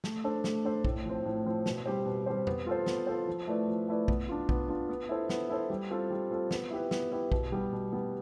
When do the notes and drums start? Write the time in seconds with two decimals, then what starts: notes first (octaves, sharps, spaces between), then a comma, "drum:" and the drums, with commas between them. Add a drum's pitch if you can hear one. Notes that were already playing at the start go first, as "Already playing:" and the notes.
0.04 A3, drum: snare
0.24 D4 A4 C5
0.44 A3, drum: snare
0.65 D4 A4 C5
0.85 A2, drum: kick
1.05 F3 C4
1.25 A2
1.46 F3 C4
1.66 B2, drum: snare
1.86 G3 C4 G4 C5
2.06 B2
2.26 G3 C4 G4 C5
2.47 B3, drum: tom F2
2.67 F4 A4 C5
2.86 B3, drum: snare
3.07 F4 A4 C5
3.27 F3
3.48 A3 E4 B4 D5
3.68 F3
3.88 A3 E4 B4 D5
4.08 B3, drum: kick
4.28 D4 F4
4.49 B3, drum: kick
4.69 D4 F4
4.89 B3
5.09 E4 A4 C5
5.29 B3, drum: snare
5.50 E4 A4 C5
5.70 G3
5.91 C4 F4 A4
6.10 G3
6.31 C4 F4 A4
6.51 B3, drum: snare
6.71 E4 G4 B4
6.91 B3, drum: snare
7.12 E4 G4 B4
7.32 B2, drum: kick
7.52 G3 B3
7.72 B2
7.92 G3 B3